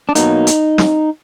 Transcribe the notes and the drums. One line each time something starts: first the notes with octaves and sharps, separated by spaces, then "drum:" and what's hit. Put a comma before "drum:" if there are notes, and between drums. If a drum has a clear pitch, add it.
D4
B2 F#3 A#3 D#4, drum: hi-hat
drum: hi-hat
drum: snare